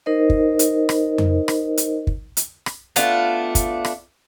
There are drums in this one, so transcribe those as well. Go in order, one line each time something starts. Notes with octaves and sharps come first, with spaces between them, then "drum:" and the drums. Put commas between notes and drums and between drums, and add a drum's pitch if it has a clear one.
D#4 A#4 C5 D#5
drum: kick
drum: hi-hat
drum: rim click
drum: tom F2
drum: rim click
drum: hi-hat
drum: kick
drum: hi-hat
drum: rim click
A3 B3 D4 F4, drum: hi-hat
drum: kick, hi-hat
drum: rim click